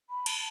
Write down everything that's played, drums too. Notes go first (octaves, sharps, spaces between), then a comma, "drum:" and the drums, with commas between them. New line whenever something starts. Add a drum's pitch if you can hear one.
B5
A5, drum: cymbal